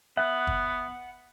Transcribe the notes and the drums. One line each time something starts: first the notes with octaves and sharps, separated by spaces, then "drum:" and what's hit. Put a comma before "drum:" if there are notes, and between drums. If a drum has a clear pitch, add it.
B3 E5 F#5
drum: kick